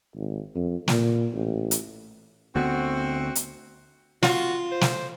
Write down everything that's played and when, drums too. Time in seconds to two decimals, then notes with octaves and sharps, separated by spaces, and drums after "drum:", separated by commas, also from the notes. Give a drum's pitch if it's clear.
0.16 G#1
0.56 F2
0.88 A#2, drum: snare
1.34 A1
1.71 drum: hi-hat
2.56 D2 D3 B3 C4 F#4
3.35 drum: hi-hat
4.23 F4 F#4, drum: snare
4.71 C5
4.81 drum: snare